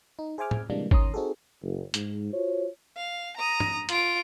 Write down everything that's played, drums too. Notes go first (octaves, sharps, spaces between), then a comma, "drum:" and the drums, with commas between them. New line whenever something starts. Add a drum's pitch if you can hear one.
D#4
G#4 C5 E5 G#5 D6 F6
drum: tom A2
C3 E3 G3 G#3 A#3 D4
D#3 C#4 A#5 C6 D#6, drum: kick G#1
C4 D#4 F#4 G#4 A4
F#1
G#2, drum: hi-hat
F4 F#4 C5 C#5
F5
A#5 D#6
drum: tom
F4 D7, drum: hi-hat